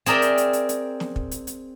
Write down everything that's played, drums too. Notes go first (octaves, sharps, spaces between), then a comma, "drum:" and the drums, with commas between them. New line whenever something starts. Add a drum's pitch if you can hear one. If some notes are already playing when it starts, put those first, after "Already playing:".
C4 G#4 A#4 D5 E5 G5, drum: hi-hat
drum: hi-hat
drum: hi-hat
drum: hi-hat
drum: hi-hat
drum: snare
drum: kick
drum: hi-hat
drum: hi-hat